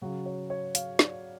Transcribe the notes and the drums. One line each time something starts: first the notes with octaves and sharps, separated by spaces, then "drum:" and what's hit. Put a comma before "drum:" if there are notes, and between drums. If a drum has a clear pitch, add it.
C#3 F#3 F#4
C#5
C#5
F5, drum: hi-hat
D5, drum: snare